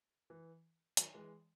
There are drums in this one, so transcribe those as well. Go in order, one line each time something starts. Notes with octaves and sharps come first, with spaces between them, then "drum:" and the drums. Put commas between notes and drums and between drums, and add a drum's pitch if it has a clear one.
E3
D#3 F#3, drum: hi-hat
E3 G#3